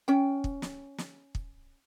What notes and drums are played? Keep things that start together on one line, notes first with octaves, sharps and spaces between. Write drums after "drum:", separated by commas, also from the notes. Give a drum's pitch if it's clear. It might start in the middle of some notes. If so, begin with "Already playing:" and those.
C#4 G5
drum: kick
drum: snare
drum: snare
drum: kick